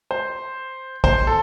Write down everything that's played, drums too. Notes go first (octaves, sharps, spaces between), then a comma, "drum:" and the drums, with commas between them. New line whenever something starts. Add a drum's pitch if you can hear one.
C5
C5, drum: kick A#1
A4